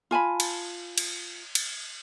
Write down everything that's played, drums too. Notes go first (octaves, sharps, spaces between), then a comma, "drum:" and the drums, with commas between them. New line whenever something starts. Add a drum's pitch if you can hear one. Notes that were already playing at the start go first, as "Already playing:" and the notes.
F4 G#5 A5 B5
drum: cymbal
drum: cymbal
drum: cymbal